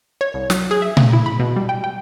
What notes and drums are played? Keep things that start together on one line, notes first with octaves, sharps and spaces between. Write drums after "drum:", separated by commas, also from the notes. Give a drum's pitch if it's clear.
C#5
C2
F#3, drum: snare
G#4
E5
A3, drum: tom A#2
E4
B5
B2
G3
G5
G5